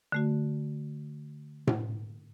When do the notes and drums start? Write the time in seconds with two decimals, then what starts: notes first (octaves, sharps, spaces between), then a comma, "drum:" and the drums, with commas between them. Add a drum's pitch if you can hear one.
0.12 D3 A3 F#4
1.67 drum: tom A2